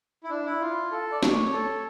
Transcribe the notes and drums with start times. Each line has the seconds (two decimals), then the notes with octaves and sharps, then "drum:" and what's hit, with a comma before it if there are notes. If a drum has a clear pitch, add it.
0.24 E4
0.30 D4
0.46 E4
0.61 F4
0.91 A4
1.12 D5
1.23 C#5, drum: snare
1.53 A4